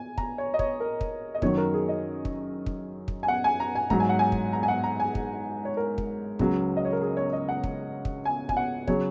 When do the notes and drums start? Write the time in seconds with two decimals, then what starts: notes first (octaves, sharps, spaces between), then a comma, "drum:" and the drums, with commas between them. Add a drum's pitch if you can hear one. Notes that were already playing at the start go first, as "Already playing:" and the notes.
Already playing: G#5
0.18 A#5, drum: kick
0.38 C#5
0.54 D#5
0.59 C#5, drum: kick
0.80 A#4
1.01 drum: kick
1.35 D#5
1.42 F#2 D#3 F#3 C#5, drum: kick
1.57 A#4
1.74 G#4
1.89 D#5
2.25 drum: kick
2.66 drum: kick
3.08 drum: kick
3.23 G#5
3.28 F#5
3.44 G#5
3.60 A#5
3.75 G#5
3.90 G#2 F#3 A#5, drum: kick
4.00 G#5
4.09 F#5
4.19 G#5
4.32 drum: kick
4.53 A#5
4.63 G#5
4.68 F#5
4.84 A#5
5.00 G#5
5.15 drum: kick
5.65 C#5
5.77 A#4
5.98 drum: kick
6.39 C#2 C#3 F#3, drum: kick
6.77 D#5
6.85 C#5
6.93 A#4
7.01 G#4
7.17 C#5
7.33 D#5
7.49 F#5
7.64 drum: kick
8.05 drum: kick
8.25 G#5
8.49 G#5, drum: kick
8.57 F#5
8.88 C#3 F#3 C#5, drum: kick